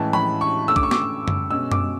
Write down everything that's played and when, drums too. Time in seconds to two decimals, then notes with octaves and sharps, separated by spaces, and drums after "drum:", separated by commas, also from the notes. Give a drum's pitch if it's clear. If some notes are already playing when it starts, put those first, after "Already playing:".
Already playing: A2 E3 G#3 C#4 A5
0.13 B5, drum: tom F3
0.41 C#6
0.68 D3 A3 C#4 E6
0.76 D6, drum: kick C2
0.83 C#6
0.91 D6, drum: snare
1.28 drum: tom F#2
1.50 B2 G#3 C#4 E6
1.72 D6, drum: tom F#2